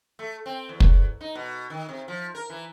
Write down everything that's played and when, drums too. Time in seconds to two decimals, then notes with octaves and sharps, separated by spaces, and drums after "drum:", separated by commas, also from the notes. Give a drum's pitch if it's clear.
0.19 A3
0.46 C4
0.69 E2
0.80 drum: kick
1.21 D#4
1.35 B2
1.70 D#3
1.89 C3
2.08 F3
2.35 A#4
2.50 E3